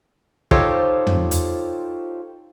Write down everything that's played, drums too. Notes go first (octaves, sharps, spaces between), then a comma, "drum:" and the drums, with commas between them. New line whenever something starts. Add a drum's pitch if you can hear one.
D#4 F4 G4 A4 C5 C#5, drum: kick
drum: tom
drum: hi-hat